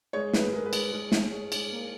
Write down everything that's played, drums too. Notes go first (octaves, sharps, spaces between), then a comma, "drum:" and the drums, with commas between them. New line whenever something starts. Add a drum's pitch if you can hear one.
G#3 C#5
G#3 B4, drum: snare
G#3 A#4
B4
G#3, drum: cymbal
G#3
G#3, drum: snare
G#3 C#5
G#3, drum: cymbal
A#3